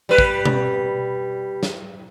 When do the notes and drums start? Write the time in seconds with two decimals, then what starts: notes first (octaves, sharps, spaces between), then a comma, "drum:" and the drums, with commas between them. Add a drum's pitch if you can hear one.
0.09 G3 B4
0.18 drum: kick
0.45 drum: tom B2
1.63 drum: snare